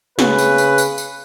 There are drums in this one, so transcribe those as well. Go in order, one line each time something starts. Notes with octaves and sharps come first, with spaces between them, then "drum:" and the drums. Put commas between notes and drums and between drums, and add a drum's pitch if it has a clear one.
C#3 B4, drum: snare
drum: tambourine
drum: tambourine
drum: tambourine
drum: tambourine